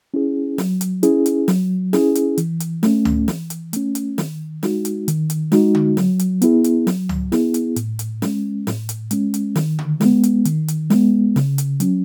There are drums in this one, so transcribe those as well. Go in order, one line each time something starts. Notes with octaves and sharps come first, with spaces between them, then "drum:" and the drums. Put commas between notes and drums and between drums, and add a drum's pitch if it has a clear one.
C#4 E4 G#4
F#3, drum: snare
drum: hi-hat
C#4 E4 G#4, drum: hi-hat
drum: hi-hat
F#3, drum: snare
C#4 E4 G#4, drum: snare
drum: hi-hat
E3, drum: hi-hat
drum: hi-hat
A3 C#4, drum: snare
drum: tom C#2
E3, drum: snare
drum: hi-hat
A3 C#4, drum: hi-hat
drum: hi-hat
D#3, drum: snare
G#3 D#4 F#4, drum: snare
drum: hi-hat
D#3, drum: hi-hat
drum: hi-hat
G#3 D#4 F#4, drum: snare
drum: tom D3
F#3, drum: snare
drum: hi-hat
B3 E4 G#4, drum: hi-hat
drum: hi-hat
F#3, drum: snare
drum: tom C#2
B3 E4 G#4, drum: snare
drum: hi-hat
A2, drum: hi-hat
drum: hi-hat
G#3 C#4, drum: snare
A2, drum: snare
drum: hi-hat
G#3 C#4, drum: hi-hat
drum: hi-hat
D#3, drum: snare
drum: tom D3
G#3 B3, drum: snare
drum: hi-hat
D#3, drum: hi-hat
drum: hi-hat
G#3 B3, drum: snare
C#3, drum: snare
drum: hi-hat
F#3 C#4, drum: hi-hat